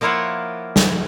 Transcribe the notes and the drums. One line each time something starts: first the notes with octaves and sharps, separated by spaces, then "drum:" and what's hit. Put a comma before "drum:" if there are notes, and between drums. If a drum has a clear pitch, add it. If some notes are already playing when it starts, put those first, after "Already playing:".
F3 A#3 E4 F4 C#5 F#5
drum: snare